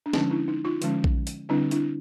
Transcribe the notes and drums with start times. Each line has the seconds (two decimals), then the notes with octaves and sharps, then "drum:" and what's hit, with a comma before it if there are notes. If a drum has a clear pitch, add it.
0.06 D4
0.13 D3 F3 G#3 C#4 D#4, drum: snare
0.30 D4 E4
0.48 D#4
0.64 D#4 F4
0.82 D3 F3 G#3 C#4, drum: hi-hat
1.04 drum: kick A#1
1.27 drum: hi-hat
1.49 D3 G3 C4 D4 E4
1.71 D4 E4, drum: hi-hat